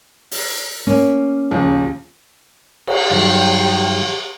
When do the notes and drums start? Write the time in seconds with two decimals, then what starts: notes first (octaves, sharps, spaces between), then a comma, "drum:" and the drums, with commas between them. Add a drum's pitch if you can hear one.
0.31 drum: open hi-hat
0.87 A#3 C#4
1.51 A#1 D#2 C#3
2.87 drum: cymbal
3.10 G2 D#3 F#3 G5